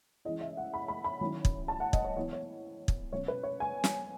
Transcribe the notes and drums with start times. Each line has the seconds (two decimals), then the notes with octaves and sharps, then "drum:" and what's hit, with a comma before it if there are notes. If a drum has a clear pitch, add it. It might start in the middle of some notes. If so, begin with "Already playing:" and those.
0.25 E3 G#3 C#4 E4 D#5
0.41 E5
0.57 F#5
0.74 B5
0.88 B5
1.04 B5
1.21 D#3 F#3 C#4 E4
1.45 drum: kick
1.68 A5
1.80 F#5
1.93 D#5, drum: kick
2.05 C#5
2.16 E3 B3 E4 C#5
2.33 C#5
2.88 drum: kick
3.12 B2 F#3 C#4 C#5
3.28 B4
3.43 C#5
3.60 G#5
3.84 drum: snare